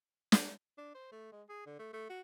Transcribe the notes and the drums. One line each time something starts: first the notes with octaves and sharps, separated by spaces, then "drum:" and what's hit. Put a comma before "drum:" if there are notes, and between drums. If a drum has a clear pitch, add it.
drum: snare
D4
C5
A3
G#3
G#4
D3
A3
A3
F#4